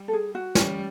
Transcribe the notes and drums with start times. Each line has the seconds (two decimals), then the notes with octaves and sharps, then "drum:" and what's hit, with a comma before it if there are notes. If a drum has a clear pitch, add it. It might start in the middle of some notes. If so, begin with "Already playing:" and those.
Already playing: G3
0.08 A4
0.13 G#4
0.35 F#4
0.55 G3 C#4, drum: snare